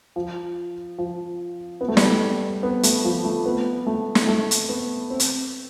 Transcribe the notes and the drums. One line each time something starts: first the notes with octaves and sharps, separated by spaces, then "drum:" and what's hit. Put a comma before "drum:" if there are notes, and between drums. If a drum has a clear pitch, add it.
F3
F3
B3
A3
G3, drum: snare
A3
B3
A3, drum: hi-hat
F3
A3
B3
A3
drum: snare
A3
drum: hi-hat
B3
C4
drum: hi-hat